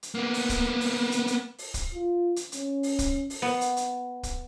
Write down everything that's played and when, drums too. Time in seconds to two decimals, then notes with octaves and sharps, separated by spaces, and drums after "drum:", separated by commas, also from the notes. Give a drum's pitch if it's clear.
0.03 drum: hi-hat
0.15 A#3 B3
0.34 drum: open hi-hat
0.49 drum: kick, hi-hat
0.81 drum: open hi-hat
1.12 drum: hi-hat
1.27 drum: hi-hat
1.58 drum: open hi-hat
1.74 drum: kick, hi-hat
1.93 F4
2.36 drum: hi-hat
2.52 C#4, drum: hi-hat
2.83 drum: open hi-hat
2.99 drum: kick, hi-hat
3.30 drum: open hi-hat
3.42 B3
3.61 drum: hi-hat
3.77 drum: hi-hat
4.23 drum: kick, hi-hat